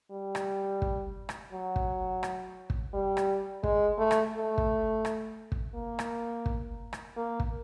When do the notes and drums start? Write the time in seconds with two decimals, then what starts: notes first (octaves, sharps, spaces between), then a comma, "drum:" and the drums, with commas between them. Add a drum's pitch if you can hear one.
0.11 G3
0.35 drum: rim click
0.82 drum: kick
1.29 drum: rim click
1.52 F#3
1.76 drum: kick
2.23 drum: rim click
2.70 drum: kick
2.94 G3
3.17 drum: rim click
3.63 G#3, drum: kick
3.98 A3
4.11 drum: rim click
4.35 A3
4.58 drum: kick
5.05 drum: rim click
5.52 drum: kick
5.75 A#3
5.99 drum: rim click
6.46 drum: kick
6.93 drum: rim click
7.17 A#3
7.40 drum: kick